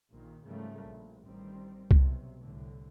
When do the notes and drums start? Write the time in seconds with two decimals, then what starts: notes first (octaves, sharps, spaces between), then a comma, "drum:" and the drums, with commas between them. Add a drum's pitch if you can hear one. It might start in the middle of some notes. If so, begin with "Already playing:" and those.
0.11 A#1 A#2 D#3
0.45 G#2 C#3 F3 G3 A3 A#3
0.88 A#1
1.23 A1 D#3 G3 C4
1.91 B1 C3, drum: kick C2
2.40 C2 A2 D3